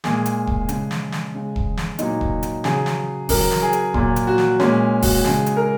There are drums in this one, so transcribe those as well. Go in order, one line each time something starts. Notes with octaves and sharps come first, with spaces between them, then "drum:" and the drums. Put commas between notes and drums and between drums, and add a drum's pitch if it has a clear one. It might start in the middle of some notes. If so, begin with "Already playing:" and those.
A#2 G#3 G#4, drum: snare
drum: hi-hat
drum: kick E1
C#3 G#3, drum: hi-hat
drum: snare
drum: snare
C#3 G#3
drum: kick E1
drum: snare
A#2 F#3 D#4, drum: hi-hat
drum: kick E1
drum: hi-hat
C#3 F#3 G#4, drum: snare
drum: snare
C#3 F#3 A#4, drum: kick E1, open hi-hat
drum: snare
G#4
drum: hi-hat
A#2 F#3, drum: kick E1
drum: hi-hat
F#4
drum: snare
A#2 G#3 C#4, drum: snare
F#4, drum: kick E1, open hi-hat
C#3 G#3 G#4, drum: snare
drum: hi-hat
A#4